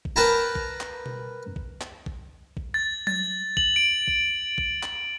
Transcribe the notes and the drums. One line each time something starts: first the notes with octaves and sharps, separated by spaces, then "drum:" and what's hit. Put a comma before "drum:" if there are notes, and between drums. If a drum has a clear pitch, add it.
drum: kick
A#4 B4 G5 A5 A#5
drum: kick
drum: clap
drum: tom B2
drum: kick
drum: clap
drum: kick
drum: kick
A6
A6, drum: tom F#3
F#7, drum: kick
D7
drum: kick
drum: kick
drum: clap